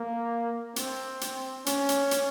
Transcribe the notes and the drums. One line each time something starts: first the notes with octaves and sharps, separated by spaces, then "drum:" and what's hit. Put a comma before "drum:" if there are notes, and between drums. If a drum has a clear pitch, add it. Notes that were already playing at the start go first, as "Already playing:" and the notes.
Already playing: A#3
C4, drum: hi-hat
drum: hi-hat
C#4, drum: hi-hat
drum: hi-hat
drum: hi-hat